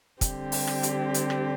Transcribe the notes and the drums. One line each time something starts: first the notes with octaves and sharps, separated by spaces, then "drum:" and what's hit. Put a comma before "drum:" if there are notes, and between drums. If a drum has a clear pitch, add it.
D3 G3 C4 G4, drum: kick, hi-hat
drum: open hi-hat
drum: rim click
drum: hi-hat
drum: hi-hat
drum: rim click